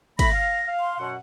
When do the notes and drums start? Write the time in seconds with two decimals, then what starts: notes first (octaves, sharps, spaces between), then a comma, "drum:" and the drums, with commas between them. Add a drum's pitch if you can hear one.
0.19 A3 B5 A#6, drum: kick, cymbal
0.32 F5
0.67 F5
0.80 C6
0.99 F#2 B2 F#5